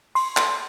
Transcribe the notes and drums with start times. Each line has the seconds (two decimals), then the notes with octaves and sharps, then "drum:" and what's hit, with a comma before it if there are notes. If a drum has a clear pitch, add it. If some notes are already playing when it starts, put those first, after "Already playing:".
0.15 C6, drum: open hi-hat
0.37 drum: clap